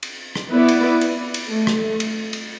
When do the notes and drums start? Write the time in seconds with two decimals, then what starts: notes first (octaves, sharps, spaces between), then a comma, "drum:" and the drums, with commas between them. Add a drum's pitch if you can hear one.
0.03 drum: cymbal
0.35 drum: rim click
0.52 B3 E4 B4 D5
0.68 drum: cymbal
1.01 drum: cymbal
1.34 drum: cymbal
1.50 A3
1.67 drum: rim click
2.00 drum: cymbal
2.33 drum: cymbal